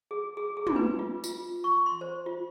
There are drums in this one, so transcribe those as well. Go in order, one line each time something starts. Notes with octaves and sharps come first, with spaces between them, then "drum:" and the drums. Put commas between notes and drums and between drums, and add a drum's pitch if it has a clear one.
G#4
G#4
G#4
drum: tom
B4
F4
F4, drum: tambourine
C#6
C6
C5
F4